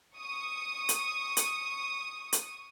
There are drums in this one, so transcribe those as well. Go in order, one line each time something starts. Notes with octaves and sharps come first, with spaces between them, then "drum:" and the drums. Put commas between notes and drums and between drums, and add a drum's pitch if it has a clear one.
C#6 D#6
drum: hi-hat
drum: hi-hat
drum: hi-hat